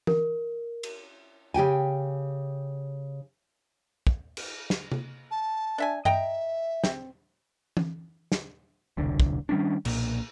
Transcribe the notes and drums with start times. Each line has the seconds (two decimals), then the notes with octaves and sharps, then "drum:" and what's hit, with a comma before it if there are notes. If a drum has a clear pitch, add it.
0.07 A#4, drum: tom E3
0.83 drum: cymbal
1.54 C#3 G4 G5 G#5
4.07 drum: kick
4.37 drum: cymbal
4.70 drum: snare
4.92 drum: tom C3
5.31 A5
5.78 D4 E5 G#5
6.05 D#5 E5 G5 A#5, drum: tom G2
6.84 C4, drum: snare
7.77 drum: tom E3
8.32 drum: snare
8.97 E1 C2 D3
9.20 drum: kick
9.49 D#3 G3 C#4 D4
9.85 B1 A#2, drum: cymbal